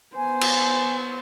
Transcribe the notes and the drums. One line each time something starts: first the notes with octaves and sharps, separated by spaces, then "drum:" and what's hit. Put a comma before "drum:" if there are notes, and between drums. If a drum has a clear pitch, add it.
B3 C5 G#5
drum: cymbal